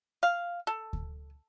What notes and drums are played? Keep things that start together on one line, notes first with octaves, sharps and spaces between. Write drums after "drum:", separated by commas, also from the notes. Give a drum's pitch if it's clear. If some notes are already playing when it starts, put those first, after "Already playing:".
F5
A4
drum: kick D2